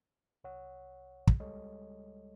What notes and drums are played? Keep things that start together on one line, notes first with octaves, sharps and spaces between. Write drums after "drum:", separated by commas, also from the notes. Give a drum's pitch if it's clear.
C2 C#5 F#5
drum: kick
C#2 G3 G#3 A4 C#5 D#5